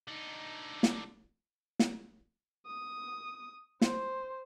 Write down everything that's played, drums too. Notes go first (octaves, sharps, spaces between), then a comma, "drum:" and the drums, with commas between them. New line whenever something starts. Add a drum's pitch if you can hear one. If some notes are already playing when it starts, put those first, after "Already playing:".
D3 D#4
drum: snare
drum: snare
D#6
C5, drum: snare